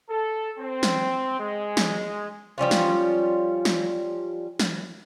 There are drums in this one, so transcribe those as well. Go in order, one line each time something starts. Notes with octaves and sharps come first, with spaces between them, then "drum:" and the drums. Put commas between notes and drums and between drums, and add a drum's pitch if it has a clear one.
A4
C4
drum: snare
G#3
drum: snare
F3 G3 C#4 F4
drum: snare
drum: snare
drum: snare